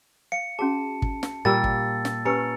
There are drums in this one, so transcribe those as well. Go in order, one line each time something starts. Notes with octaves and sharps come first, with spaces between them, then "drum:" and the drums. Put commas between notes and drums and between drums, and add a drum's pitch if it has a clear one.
F5 C#7
C#4 F#4 G#4 A5
drum: kick
drum: snare
A#2 G3 A#3 E6 A6
drum: kick
drum: snare
C#4 G4 B4 A#5 E6 C#7